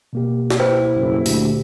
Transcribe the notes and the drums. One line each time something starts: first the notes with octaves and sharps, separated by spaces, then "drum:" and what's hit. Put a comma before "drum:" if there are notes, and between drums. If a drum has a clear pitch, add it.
B2 A#3 G4
drum: snare
E4 B4 C5 G5
F#1
D2 A#2 G4, drum: open hi-hat